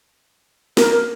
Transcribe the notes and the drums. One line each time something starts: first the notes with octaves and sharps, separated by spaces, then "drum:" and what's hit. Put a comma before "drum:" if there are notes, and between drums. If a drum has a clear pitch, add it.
A#4, drum: snare